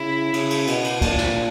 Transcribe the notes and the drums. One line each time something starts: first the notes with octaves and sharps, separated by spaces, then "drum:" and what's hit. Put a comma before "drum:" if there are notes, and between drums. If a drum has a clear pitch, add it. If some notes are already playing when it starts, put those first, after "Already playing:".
Already playing: C#3 E4
C#3, drum: cymbal
drum: cymbal
B2, drum: cymbal
drum: cymbal
A#2 D4, drum: kick, cymbal
drum: snare